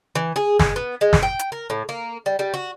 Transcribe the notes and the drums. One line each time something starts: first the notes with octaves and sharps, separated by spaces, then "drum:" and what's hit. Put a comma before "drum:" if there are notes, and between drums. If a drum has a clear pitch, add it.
E3
G#4
G#3, drum: snare
B3
G#3
drum: snare
G5
drum: hi-hat
A#4
A2
A#3
G3
G3
F#4